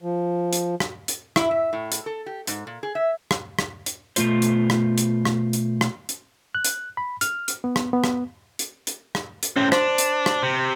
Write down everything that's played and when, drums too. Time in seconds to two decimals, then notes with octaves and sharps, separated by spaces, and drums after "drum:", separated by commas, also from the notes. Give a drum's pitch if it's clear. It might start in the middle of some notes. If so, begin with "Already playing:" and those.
0.02 F3
0.53 drum: hi-hat
0.80 drum: rim click
1.08 drum: hi-hat
1.36 E4, drum: rim click
1.51 E5
1.73 A2
1.92 drum: hi-hat
2.06 A4
2.26 G4
2.47 G#2, drum: hi-hat
2.67 A#2
2.83 G#4
2.95 E5
3.31 drum: rim click
3.59 drum: rim click
3.86 drum: hi-hat
4.16 B2 D#3 A3 F4 C5, drum: hi-hat
4.42 drum: hi-hat
4.70 drum: rim click
4.98 drum: hi-hat
5.25 drum: rim click
5.53 drum: hi-hat
5.81 drum: rim click
6.09 drum: hi-hat
6.55 F#6
6.65 drum: hi-hat
6.97 B5
7.21 F6, drum: hi-hat
7.48 drum: hi-hat
7.64 B3
7.76 drum: rim click
7.93 B3
8.04 drum: rim click
8.59 drum: hi-hat
8.87 drum: hi-hat
9.15 drum: rim click
9.43 drum: hi-hat
9.56 A2 C4 C#4
9.72 D4 C5, drum: rim click
9.98 drum: hi-hat
10.26 drum: rim click
10.43 C3